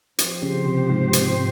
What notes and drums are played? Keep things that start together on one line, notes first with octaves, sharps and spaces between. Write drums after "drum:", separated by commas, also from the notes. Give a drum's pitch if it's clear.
F3 C4 G4 C5, drum: hi-hat
C#3
C3
G#2
G#2, drum: hi-hat